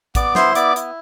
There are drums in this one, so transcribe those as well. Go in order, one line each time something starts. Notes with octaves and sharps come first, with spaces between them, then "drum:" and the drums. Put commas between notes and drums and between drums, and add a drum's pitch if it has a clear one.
B3 D5 D6, drum: kick, hi-hat
E4 C5 C6, drum: snare
B3 D5 D6, drum: hi-hat
E4, drum: hi-hat